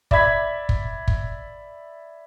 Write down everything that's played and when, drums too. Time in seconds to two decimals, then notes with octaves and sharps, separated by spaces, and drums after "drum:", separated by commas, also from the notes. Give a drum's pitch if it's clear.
0.11 D5 E5 B5 G#6 B6, drum: kick
0.69 drum: kick
1.08 drum: kick